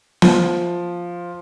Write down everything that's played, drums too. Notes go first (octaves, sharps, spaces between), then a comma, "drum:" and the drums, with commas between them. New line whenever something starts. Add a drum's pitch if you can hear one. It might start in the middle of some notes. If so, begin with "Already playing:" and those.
F3, drum: snare